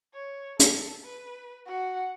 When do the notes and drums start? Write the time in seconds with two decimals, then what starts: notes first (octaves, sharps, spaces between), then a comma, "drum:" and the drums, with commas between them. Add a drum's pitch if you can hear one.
0.14 C#5
0.59 A4, drum: hi-hat
1.04 B4
1.67 F#4 F#5